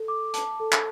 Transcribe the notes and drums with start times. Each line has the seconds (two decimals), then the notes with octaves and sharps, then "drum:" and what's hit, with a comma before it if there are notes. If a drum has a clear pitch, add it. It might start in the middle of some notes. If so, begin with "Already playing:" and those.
Already playing: A4
0.08 D6
0.34 A5, drum: hi-hat
0.60 A4
0.72 drum: clap